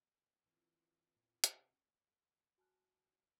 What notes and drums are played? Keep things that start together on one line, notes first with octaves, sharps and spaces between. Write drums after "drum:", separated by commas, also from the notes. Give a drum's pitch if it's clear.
E3 C4 E4 F4
A#2
C3 C#4, drum: hi-hat
F#4 G#5 A5 F6 F#6